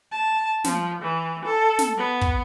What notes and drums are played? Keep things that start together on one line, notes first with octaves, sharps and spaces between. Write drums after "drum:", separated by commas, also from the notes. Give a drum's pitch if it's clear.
A5
F3, drum: snare
E3
A4
drum: snare
B3
drum: kick